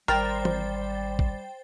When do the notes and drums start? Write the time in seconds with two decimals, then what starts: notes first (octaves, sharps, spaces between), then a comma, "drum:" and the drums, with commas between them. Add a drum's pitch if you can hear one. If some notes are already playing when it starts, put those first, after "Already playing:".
0.08 G#1 G3 A#4 C5 G5 A6, drum: rim click
0.45 drum: tom E3
1.19 drum: kick